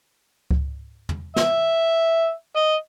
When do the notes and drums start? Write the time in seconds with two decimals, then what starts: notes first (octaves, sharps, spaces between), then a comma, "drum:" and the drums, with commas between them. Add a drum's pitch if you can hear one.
0.51 drum: kick C#2
1.09 drum: tom
1.36 E5, drum: snare
2.56 D#5